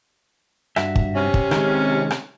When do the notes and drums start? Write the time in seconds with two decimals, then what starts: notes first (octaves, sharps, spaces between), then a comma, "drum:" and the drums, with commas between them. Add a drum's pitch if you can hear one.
0.76 G2 F#4 E5, drum: rim click
0.96 drum: kick
1.15 C3 C#4
1.34 drum: kick
1.51 D#3 G#3, drum: rim click
2.11 drum: rim click